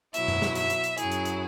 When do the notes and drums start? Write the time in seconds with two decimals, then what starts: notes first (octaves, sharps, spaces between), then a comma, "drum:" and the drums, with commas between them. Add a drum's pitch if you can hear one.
0.14 B2 F#3 E4 E5, drum: hi-hat
0.28 drum: tom F#2
0.42 drum: snare
0.55 E5, drum: hi-hat
0.70 drum: hi-hat
0.84 drum: hi-hat
0.98 F#2 F#3 E4 G#4, drum: hi-hat
1.12 drum: hi-hat
1.25 drum: hi-hat